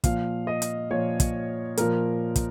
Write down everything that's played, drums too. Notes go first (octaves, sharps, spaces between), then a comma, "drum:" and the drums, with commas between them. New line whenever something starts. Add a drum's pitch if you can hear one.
A#2 F3 F5, drum: kick, hi-hat
D#5
drum: hi-hat
A#2 F3 C#5
drum: kick, hi-hat
A#2 F3 A#4, drum: hi-hat
drum: kick, hi-hat